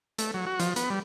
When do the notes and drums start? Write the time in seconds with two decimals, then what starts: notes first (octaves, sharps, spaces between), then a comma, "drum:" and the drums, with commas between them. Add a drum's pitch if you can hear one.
0.19 A3, drum: hi-hat
0.34 F#3
0.46 F#4
0.60 F3, drum: hi-hat
0.76 B3, drum: hi-hat
0.90 G3